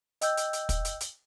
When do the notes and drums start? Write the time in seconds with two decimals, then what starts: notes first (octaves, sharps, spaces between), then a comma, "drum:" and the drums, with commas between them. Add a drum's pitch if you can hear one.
0.21 D#5 G5 E6 G6, drum: hi-hat
0.37 drum: hi-hat
0.53 drum: hi-hat
0.69 drum: kick, hi-hat
0.85 drum: hi-hat
1.00 drum: hi-hat